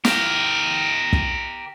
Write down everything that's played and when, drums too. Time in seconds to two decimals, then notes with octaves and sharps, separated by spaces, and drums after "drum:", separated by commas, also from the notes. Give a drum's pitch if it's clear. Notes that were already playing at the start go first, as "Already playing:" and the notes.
0.05 G4 A#4, drum: snare
1.13 drum: kick